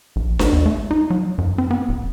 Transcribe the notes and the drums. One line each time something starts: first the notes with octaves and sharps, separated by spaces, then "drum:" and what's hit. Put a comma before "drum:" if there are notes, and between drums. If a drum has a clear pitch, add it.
A#1
A1, drum: snare D4
E2
A3
D#4
F#3
F#2
C4
B3
D1